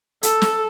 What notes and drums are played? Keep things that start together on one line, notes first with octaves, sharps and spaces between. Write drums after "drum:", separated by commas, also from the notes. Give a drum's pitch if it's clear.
A4, drum: hi-hat
drum: snare